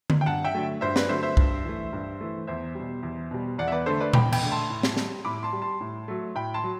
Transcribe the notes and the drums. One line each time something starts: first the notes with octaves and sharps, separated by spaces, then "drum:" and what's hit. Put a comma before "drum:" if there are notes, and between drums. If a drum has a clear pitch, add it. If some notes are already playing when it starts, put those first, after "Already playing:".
drum: tom D3
G5
G2 F#5 A5
E5 G5
D3 F#3 A3
G2 C5 E5
B4 D5, drum: snare
D3 F#3 A3 C5 E5
C5 E5
G2, drum: kick
E3 A3
G2
E3 A3
E2 C5 E5
B2 G3
E2
B2 G3
E2 D5 F#5
E5
B4 D5
D3 A3 A4 C5
B4 D5
E2 G5 B5, drum: tom A#2
G5 B5, drum: cymbal
D3 A3
A5 C6
A2
drum: snare
G3, drum: snare
A2 B5 D6
A5 C6
G3
A5 C6
A2
F#3 A3
A2 G5 B5
A5 C6
F#3